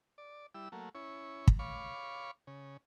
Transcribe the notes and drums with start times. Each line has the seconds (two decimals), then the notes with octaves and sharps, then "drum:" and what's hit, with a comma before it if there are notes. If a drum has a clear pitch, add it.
0.18 D5
0.55 G3 E4 E6
0.72 F#3 A3 A#3
0.95 C#4 E4 C#5
1.48 drum: kick
1.59 C#5 F5 B5 C#6 D6
2.47 C#3